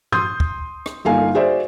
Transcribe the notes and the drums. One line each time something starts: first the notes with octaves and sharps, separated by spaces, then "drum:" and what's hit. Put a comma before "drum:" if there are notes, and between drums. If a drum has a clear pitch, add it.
C6 D#6 G6, drum: tom G2
drum: kick
drum: rim click
G1 A#3 D#4 A4 F5 G#5
F#4 G#4 C5 D5 E5